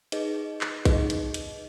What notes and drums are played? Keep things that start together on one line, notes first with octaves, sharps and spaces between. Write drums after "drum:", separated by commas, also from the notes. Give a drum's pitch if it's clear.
D#4 G#4 B4 D#5, drum: hi-hat
drum: clap
D#4 G#4 B4 D#5, drum: kick A#1, hi-hat
drum: hi-hat
drum: hi-hat